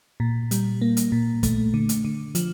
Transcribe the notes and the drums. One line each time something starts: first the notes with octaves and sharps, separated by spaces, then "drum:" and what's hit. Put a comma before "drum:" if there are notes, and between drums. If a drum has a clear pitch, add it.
A#2
G3, drum: hi-hat
A#3
drum: hi-hat
A#2
A3, drum: kick, hi-hat
D3
drum: hi-hat
D3
F3, drum: hi-hat